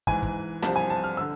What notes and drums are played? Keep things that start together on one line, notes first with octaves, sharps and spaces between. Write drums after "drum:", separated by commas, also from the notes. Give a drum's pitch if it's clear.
G#2 E3 G#5, drum: kick
drum: kick
C2 C3 F3 A5, drum: snare
G#5
A5
F6
D3 E6